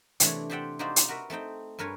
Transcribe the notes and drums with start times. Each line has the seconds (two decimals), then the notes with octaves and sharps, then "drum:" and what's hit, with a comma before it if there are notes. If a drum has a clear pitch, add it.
0.20 C3 E3 A3 D4 C#5, drum: hi-hat
0.50 G4 C5 D5 E5 F#5 G5
0.79 D#4 F#4 G4 C5 D5 F5
0.96 drum: hi-hat
1.09 F#4 A#4 B4 E5
1.30 A3 C4 D#4 G5
1.79 G2 A#4 B4 C#5 G#5